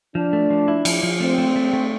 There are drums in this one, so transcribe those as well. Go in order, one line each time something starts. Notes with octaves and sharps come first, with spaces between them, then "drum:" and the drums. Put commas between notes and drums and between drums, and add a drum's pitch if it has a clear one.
F3 D4
A3
F3
E4
F3, drum: cymbal
F3
A3 C4
A3
A3
A3